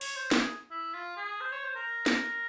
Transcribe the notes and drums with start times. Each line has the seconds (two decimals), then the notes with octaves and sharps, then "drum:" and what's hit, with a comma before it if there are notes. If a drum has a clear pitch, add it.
0.01 C#5, drum: open hi-hat
0.16 C5
0.31 G#4, drum: snare
0.71 E4
0.93 F4
1.17 G#4
1.40 C5
1.52 C#5
1.64 C5
1.76 A#4
2.06 drum: snare